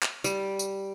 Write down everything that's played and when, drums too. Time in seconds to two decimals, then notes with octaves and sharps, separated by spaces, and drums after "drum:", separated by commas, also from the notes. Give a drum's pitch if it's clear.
0.02 drum: clap
0.24 G3, drum: tambourine
0.59 drum: tambourine